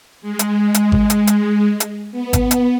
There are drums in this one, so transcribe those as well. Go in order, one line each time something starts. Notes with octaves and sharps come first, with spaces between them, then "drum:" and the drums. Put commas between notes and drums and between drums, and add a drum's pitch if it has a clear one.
G#3
drum: hi-hat
drum: hi-hat
drum: kick G#1
drum: hi-hat
drum: hi-hat
drum: hi-hat
B3
drum: kick G#1, hi-hat
drum: hi-hat